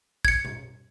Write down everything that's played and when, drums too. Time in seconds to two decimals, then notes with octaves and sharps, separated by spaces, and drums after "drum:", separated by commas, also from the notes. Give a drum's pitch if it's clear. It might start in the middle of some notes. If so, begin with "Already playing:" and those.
0.25 G#6 C#7, drum: kick
0.45 drum: tom B2